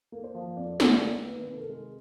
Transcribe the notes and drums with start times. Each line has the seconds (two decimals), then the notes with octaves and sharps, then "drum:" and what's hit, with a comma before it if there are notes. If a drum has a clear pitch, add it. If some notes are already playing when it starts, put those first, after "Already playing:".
0.12 A#3
0.24 C5
0.35 F3
0.57 F2 D5
0.80 D3 C#5, drum: snare
0.91 D5
1.02 A#3
1.24 D#3 B4
1.47 C3
1.52 A4
1.58 A#4
1.69 G#3